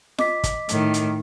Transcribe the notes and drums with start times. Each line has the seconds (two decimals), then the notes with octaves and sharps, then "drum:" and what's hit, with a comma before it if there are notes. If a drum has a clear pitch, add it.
0.18 D#5 D6 B6, drum: snare F4
0.44 drum: kick, hi-hat
0.69 A2 D#3, drum: hi-hat
0.94 drum: hi-hat